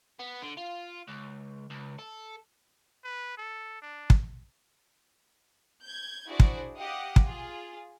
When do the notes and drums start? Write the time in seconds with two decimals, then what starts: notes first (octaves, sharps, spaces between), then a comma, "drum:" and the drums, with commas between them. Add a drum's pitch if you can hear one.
0.20 B3
0.42 D3
0.57 F4
1.08 C#2
1.71 C#2
1.99 A4
3.04 B4
3.37 A4
3.82 D4
4.10 drum: kick
5.84 G6 G#6
6.27 D4 E4 F#4 G#4 C5 D5
6.40 drum: kick
6.78 G4 D#5 F5 F#5
7.16 drum: kick
7.26 F4 G#4